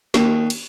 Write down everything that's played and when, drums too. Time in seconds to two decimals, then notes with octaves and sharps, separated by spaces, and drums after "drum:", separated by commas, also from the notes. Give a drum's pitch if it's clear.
0.14 D#2, drum: snare
0.50 drum: cymbal